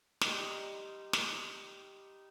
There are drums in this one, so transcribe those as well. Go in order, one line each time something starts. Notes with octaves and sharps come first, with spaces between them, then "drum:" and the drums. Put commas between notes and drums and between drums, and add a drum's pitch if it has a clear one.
G3 D#4 C6, drum: snare
drum: snare